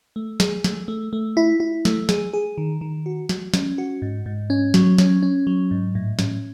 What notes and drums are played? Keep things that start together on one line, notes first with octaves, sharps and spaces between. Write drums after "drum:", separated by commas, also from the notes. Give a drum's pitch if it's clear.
A3
G#4, drum: snare
A3, drum: snare
A3
A3
E4
E4
A3, drum: snare
G#4, drum: snare
G#4
D#3
D#3
F#4
F#4, drum: snare
C#4, drum: snare
F#4
G#2
G#2
C#4
F#3, drum: snare
C#4, drum: snare
C#4
F#3
G#2
A2
C#4, drum: snare